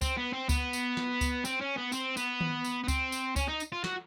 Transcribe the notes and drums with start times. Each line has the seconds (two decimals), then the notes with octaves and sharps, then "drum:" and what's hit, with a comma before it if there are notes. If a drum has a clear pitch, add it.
0.01 C4, drum: kick C#2, tambourine
0.17 B3
0.33 C4
0.49 B3, drum: kick C#2, tambourine
0.73 drum: tambourine
0.97 drum: snare
1.21 drum: kick C#2, tambourine
1.45 C4, drum: tambourine
1.61 C#4
1.77 B3
1.92 C4, drum: tambourine
2.17 B3, drum: tambourine
2.41 drum: tom D#3
2.64 drum: tambourine
2.84 B3
2.88 C4, drum: kick C#2, tambourine
3.12 drum: tambourine
3.36 C#4, drum: kick C#2, tambourine
3.48 D#4
3.60 drum: tambourine
3.72 F4
3.84 F#4, drum: snare